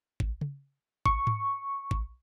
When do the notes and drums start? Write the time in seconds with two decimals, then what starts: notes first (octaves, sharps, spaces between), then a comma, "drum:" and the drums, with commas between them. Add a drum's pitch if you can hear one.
0.20 drum: kick
0.41 drum: tom C#3
1.06 C#6, drum: kick
1.27 drum: tom G#2
1.91 drum: kick